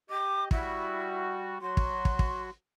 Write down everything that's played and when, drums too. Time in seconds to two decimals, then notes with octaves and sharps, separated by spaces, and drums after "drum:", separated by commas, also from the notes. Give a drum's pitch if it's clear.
0.10 G4 D#5 D6
0.51 G3 E4 F#4, drum: kick
1.61 F#3 F#4 C6
1.77 drum: kick
2.05 drum: kick
2.19 drum: kick